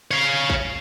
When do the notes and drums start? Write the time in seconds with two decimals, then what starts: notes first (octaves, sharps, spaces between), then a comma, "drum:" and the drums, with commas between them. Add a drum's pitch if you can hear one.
0.11 C#5 F5
0.50 drum: kick